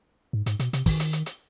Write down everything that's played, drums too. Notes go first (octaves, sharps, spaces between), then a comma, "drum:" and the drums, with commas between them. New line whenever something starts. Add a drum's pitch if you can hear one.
G#2
G#2, drum: hi-hat
B2, drum: hi-hat
C3, drum: hi-hat
D#3, drum: kick, open hi-hat
drum: hi-hat
drum: hi-hat
drum: hi-hat